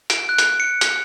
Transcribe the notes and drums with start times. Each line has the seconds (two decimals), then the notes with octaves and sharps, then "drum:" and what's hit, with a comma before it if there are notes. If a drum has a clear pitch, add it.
0.10 D7, drum: hi-hat
0.29 F#6
0.38 drum: hi-hat
0.60 C#7
0.81 drum: hi-hat